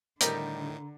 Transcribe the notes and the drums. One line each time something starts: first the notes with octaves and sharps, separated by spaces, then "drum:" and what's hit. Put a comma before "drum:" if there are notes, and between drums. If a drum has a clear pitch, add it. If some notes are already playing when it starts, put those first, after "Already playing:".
A2 D3 D#3 G3 D#4 G4 A#4, drum: hi-hat